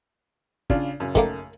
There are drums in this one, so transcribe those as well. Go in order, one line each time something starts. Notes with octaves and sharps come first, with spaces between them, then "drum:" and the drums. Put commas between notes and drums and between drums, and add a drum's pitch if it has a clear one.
C#3 D4 F4, drum: kick
F#2 C#3
D#3 A3 A#3, drum: kick